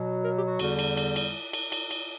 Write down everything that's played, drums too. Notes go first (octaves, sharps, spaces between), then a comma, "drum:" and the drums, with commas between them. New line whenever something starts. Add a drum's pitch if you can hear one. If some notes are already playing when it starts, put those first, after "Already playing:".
Already playing: B2 F#3
A#4
G4
F#4
E2 D3 G3, drum: cymbal
drum: cymbal
drum: cymbal
drum: cymbal
drum: cymbal
drum: cymbal
drum: cymbal